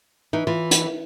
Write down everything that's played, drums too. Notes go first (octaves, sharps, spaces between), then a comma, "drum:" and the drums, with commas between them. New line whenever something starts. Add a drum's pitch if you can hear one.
E3 D#4
E3 F4
drum: hi-hat